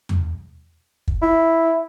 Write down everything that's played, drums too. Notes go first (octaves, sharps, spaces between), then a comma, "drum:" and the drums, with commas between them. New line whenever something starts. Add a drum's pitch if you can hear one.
drum: tom E2
drum: kick
E4